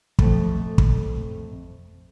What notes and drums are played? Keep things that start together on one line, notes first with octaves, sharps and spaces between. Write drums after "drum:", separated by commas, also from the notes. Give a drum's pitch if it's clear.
F2 A3, drum: kick
drum: kick